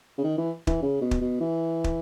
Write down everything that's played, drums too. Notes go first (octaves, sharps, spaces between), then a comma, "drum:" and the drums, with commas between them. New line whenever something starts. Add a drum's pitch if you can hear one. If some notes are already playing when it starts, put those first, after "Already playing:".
C#3
D#3
E3
E3, drum: kick
C#3
B2
drum: kick
B2
E3
drum: kick